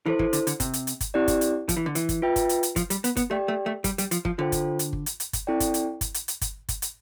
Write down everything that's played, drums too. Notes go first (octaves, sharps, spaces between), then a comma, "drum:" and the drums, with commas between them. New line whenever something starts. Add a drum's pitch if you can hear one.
E3 E4 A4 C5
E3, drum: kick G1
D3, drum: hi-hat
D3, drum: hi-hat
C3, drum: kick G1, hi-hat
drum: hi-hat
drum: hi-hat
drum: kick G1, hi-hat
C4 E4 G4 D5
drum: kick G1, hi-hat
drum: hi-hat
F3, drum: kick G1, hi-hat
E3
D3
E3, drum: hi-hat
drum: kick G1, hi-hat
F4 B4 E5 G5
drum: kick G1, hi-hat
drum: hi-hat
drum: hi-hat
F3, drum: kick G1, hi-hat
G3, drum: hi-hat
B3, drum: hi-hat
B3, drum: kick G1, hi-hat
A3 G4 D5 G5
A3
A3
G3, drum: kick G1, hi-hat
G3, drum: hi-hat
F3, drum: hi-hat
F3, drum: kick G1
D3 F4 A4 C5 G5
drum: kick G1, hi-hat
drum: hi-hat
drum: kick G1
drum: hi-hat
drum: hi-hat
drum: kick G1, hi-hat
C4 E4 A4 D5 G5
drum: kick G1, hi-hat
drum: hi-hat
drum: kick G1, hi-hat
drum: hi-hat
drum: hi-hat
drum: kick G1, hi-hat
drum: kick G1, hi-hat
drum: hi-hat